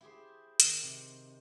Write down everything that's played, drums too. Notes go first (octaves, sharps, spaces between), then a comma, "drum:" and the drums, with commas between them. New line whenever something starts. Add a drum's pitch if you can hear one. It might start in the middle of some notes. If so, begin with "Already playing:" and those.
E4 G4 G#4 C5
D#3, drum: hi-hat
C3